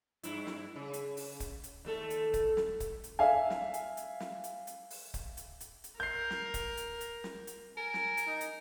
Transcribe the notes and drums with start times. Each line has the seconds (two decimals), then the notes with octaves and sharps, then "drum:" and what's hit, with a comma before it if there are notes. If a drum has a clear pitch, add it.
0.23 G2 E4, drum: hi-hat
0.47 drum: snare
0.76 C#3
0.93 drum: hi-hat
1.17 drum: open hi-hat
1.40 drum: kick C#1, hi-hat
1.64 drum: hi-hat
1.85 D#2 A3 A4
2.10 drum: hi-hat
2.34 drum: kick C#1, hi-hat
2.57 drum: snare
2.80 drum: kick C#1, hi-hat
3.04 drum: hi-hat
3.19 E5 F5 G#5
3.50 drum: snare
3.74 drum: hi-hat
3.97 drum: hi-hat
4.20 drum: snare
4.44 drum: hi-hat
4.67 drum: hi-hat
4.90 drum: open hi-hat
5.14 drum: kick C#1, hi-hat
5.37 drum: hi-hat
5.60 drum: hi-hat
5.84 drum: hi-hat
6.00 A#4 G6 C7
6.30 drum: snare
6.54 drum: kick C#1, hi-hat
6.77 drum: hi-hat
7.01 drum: hi-hat
7.24 drum: snare
7.47 drum: hi-hat
7.77 A#4 G#5
7.94 drum: snare
8.17 drum: hi-hat
8.26 D#4
8.41 drum: hi-hat